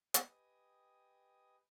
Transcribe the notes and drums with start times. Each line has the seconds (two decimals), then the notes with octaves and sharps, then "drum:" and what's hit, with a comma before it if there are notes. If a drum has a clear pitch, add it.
0.14 G4 B4 D#5 G5 G#5 D#6, drum: hi-hat